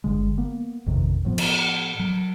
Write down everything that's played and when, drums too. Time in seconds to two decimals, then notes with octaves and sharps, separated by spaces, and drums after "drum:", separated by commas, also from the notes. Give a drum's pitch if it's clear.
0.04 G1 D3 G#3
0.38 A#3 B3
0.86 A1 F2 C3 D#3
1.25 A2 F3 B3
1.38 drum: cymbal
1.99 F#3